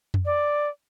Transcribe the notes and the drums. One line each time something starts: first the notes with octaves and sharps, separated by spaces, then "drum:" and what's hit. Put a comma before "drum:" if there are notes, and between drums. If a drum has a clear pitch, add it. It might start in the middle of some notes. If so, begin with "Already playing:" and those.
drum: tom F2
D5